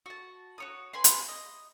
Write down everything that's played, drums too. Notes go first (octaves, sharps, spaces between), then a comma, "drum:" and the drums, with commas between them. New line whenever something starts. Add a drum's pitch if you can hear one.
F#4 A5
F#4 C#5 D#6
B4 G#5 B5 C6
drum: hi-hat
D#5